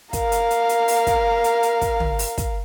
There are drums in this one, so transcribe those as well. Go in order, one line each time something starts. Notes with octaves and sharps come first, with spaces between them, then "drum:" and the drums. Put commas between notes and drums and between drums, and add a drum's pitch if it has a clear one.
A#4 F5, drum: kick, hi-hat
drum: hi-hat
drum: hi-hat
drum: hi-hat
drum: open hi-hat
drum: kick, hi-hat
drum: hi-hat
drum: hi-hat
drum: kick, hi-hat
drum: tom
drum: open hi-hat
drum: kick, hi-hat